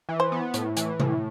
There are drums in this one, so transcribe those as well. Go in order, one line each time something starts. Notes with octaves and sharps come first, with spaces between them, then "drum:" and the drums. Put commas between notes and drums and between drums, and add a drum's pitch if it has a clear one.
E3
C5
B3
A2, drum: hi-hat
E3, drum: hi-hat
A2, drum: tom C3